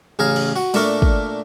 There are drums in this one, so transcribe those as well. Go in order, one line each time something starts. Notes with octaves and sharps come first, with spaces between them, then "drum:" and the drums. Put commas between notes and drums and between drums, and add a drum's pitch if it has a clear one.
A1 C#3 G#4 F5 A#5
drum: cymbal
F#4 F#5
A#2 A3 D4 A4 A#4 C#6, drum: open hi-hat
drum: kick